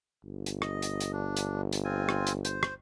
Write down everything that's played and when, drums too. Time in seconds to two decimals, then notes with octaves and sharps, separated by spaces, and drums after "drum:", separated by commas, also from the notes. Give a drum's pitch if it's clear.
0.25 G1
0.46 drum: hi-hat
0.62 D#5, drum: rim click
0.82 drum: hi-hat
1.00 drum: hi-hat
1.13 D4
1.37 drum: hi-hat
1.73 drum: hi-hat
1.85 C4 F4 G#5
2.09 drum: rim click
2.27 drum: hi-hat
2.45 C5, drum: hi-hat
2.63 drum: rim click